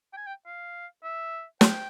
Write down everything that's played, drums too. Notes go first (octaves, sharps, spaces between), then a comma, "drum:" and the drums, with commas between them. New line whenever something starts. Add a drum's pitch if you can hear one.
G5
G#5
G5
F5
E5
G5, drum: snare